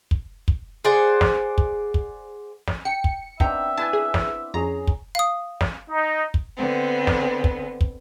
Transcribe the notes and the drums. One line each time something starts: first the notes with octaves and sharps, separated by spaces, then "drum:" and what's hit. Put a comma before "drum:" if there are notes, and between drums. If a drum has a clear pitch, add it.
drum: kick
drum: kick
G#4 C5 D5 F#5
drum: snare
drum: kick
drum: kick
drum: snare
G5 C#7
drum: kick
B3 C4 D4 D#4 E5 G5 A#5, drum: kick
E4 B4 G#5 A5
G#4
drum: snare
F2 C#4 G#4 A#5
drum: kick
F5 D#6
drum: snare
D#4
drum: kick
D3 B3 C4
drum: snare
drum: kick
drum: kick